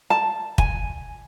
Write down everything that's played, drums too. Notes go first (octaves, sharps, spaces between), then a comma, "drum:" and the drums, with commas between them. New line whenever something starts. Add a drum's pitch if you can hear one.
A5
G#5, drum: kick